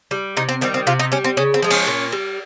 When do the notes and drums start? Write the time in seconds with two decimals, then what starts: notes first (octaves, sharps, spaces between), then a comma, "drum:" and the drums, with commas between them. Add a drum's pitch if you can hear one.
0.11 G3
0.37 C3 D#4
0.49 C4
0.61 D#3 G3 C4
0.74 C4
0.87 C3 F4
0.99 D#4
1.12 G3 C#4
1.24 C4
1.37 C#3 C#4
1.54 C4
1.62 F3 G#3
1.70 C#4, drum: cymbal
1.87 A#2
2.12 G3